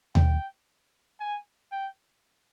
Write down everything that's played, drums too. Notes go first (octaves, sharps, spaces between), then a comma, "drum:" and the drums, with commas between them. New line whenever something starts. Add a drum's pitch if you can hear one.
G5, drum: tom D#2
G#5
G5